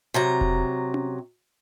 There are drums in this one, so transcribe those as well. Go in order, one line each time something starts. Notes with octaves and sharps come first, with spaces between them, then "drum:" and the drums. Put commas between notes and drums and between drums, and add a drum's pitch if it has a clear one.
C3 F#3 A#5
drum: kick E1
drum: tom C#4